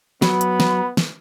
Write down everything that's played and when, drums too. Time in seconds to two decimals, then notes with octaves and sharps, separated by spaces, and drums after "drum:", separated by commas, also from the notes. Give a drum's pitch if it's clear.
0.22 F#3 B3 B5, drum: snare
0.41 drum: hi-hat
0.60 drum: snare
0.97 drum: snare